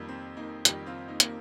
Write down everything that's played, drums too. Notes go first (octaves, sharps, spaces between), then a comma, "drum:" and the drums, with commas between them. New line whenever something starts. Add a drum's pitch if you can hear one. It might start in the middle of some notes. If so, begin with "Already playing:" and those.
Already playing: F2 D#3 G3 A#3
C4
A#3 D#4
F2 D#3 G3 D#4 G4, drum: hi-hat
C4 F4
A#3 D#4
A#3, drum: hi-hat